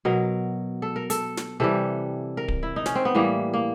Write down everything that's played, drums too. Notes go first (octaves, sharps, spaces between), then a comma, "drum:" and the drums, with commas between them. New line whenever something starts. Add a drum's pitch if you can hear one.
B2 F#3 A#4
A4
A#4
A4, drum: hi-hat
drum: snare
C3 E3 G3 A4
A#4
drum: kick D1
E4
D#4
C#4, drum: snare
C4
B3
A2 E3 G3 A#3
A#3